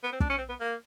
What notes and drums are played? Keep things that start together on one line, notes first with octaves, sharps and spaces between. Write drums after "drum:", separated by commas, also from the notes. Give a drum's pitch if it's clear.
B3
C4
D4, drum: kick
C#4
C4
B3
A#3